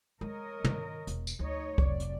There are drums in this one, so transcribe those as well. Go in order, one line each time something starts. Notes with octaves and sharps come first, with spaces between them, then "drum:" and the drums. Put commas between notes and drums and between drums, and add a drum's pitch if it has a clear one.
G#3 A#4 C#5 D#5
D#3, drum: tom
E1, drum: hi-hat
drum: tambourine
D2 D#4 C#5 D#5
F1 F#3 D5, drum: kick C2
drum: hi-hat